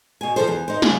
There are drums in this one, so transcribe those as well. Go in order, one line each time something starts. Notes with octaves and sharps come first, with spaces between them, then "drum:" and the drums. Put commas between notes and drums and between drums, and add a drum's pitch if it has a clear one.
B2 G#5
F3 A4 C5
E2
D#4 C5
C#3, drum: snare